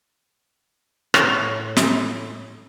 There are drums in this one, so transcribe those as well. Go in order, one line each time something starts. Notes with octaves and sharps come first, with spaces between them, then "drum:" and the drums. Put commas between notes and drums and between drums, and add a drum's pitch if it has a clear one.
A2 C#5, drum: rim click
drum: snare